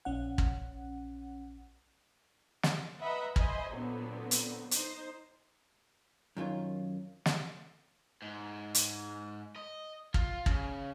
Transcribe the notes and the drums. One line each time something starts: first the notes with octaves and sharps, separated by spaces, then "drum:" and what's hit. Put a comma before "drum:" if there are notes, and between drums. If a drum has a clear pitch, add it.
A#1 C#4 F#5
drum: kick
drum: snare
B4 D#5 E5 F#5 A#5 B5
C5 D#5 E5 G#5 B5, drum: kick
A#2 D3 F#3 B3 C4
drum: hi-hat
D#4 C5, drum: hi-hat
F#2 D#3 F4 C#5
drum: snare
G#2
drum: hi-hat
D#5
F4, drum: kick
C#3, drum: kick